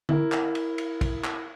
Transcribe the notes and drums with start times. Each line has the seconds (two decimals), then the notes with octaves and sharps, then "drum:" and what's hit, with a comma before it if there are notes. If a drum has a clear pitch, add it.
0.09 E4 A#4, drum: tom D3
0.32 drum: clap
0.55 drum: cymbal
0.78 drum: cymbal
1.01 drum: kick, cymbal
1.24 drum: clap